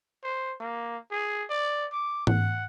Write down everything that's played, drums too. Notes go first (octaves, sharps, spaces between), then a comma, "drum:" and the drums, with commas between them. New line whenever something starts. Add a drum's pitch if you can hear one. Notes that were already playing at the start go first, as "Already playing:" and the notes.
C5
A#3
G#4
D5
D6
F#5, drum: tom G#2